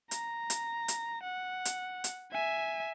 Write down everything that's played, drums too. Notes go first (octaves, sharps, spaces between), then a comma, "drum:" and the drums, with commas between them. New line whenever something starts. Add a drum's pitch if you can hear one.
A#5, drum: hi-hat
drum: hi-hat
drum: hi-hat
F#5
drum: hi-hat
drum: hi-hat
E5 G#5